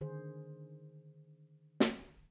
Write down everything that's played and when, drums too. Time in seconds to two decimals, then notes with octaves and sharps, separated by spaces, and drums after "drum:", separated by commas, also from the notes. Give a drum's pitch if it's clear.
0.01 D3 D#3 G#4 C5
1.80 drum: snare